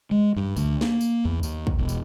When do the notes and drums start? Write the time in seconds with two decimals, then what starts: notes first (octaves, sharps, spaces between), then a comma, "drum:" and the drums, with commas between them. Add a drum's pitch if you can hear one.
0.11 G#3
0.36 G2
0.57 D2, drum: tambourine
0.81 A#3, drum: snare
1.01 drum: tambourine
1.25 E2
1.43 D#2, drum: tambourine
1.67 drum: kick
1.78 E1
1.89 drum: tambourine